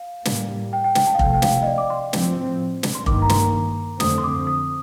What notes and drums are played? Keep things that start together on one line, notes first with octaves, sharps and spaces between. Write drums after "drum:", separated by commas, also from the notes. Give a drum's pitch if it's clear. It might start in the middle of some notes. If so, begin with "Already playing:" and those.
Already playing: F5
A2 G3 A#3, drum: snare
G5
G5
G5, drum: snare
A5
F5
C3 F3 A3 G5, drum: kick F1
G5
F5, drum: snare
D#5
D5
D6
C6
A2 F3 C4, drum: snare
drum: snare
C6
G2 D#3 A#3 D6, drum: kick F1
A#5
C6, drum: snare
F2 D3 A3 C4 D#6, drum: snare
C6
D6
D#6